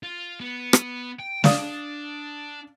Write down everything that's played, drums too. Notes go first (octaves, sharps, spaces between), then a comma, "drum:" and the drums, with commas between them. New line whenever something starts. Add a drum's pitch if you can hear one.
F4
B3
drum: rim click
G5
D4 D5 F5 D#6, drum: snare